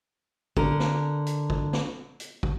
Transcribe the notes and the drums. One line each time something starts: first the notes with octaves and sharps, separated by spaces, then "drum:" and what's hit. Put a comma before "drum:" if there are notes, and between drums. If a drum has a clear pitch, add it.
D3 A#4, drum: kick
drum: snare
drum: hi-hat
drum: kick
drum: snare
drum: hi-hat
drum: kick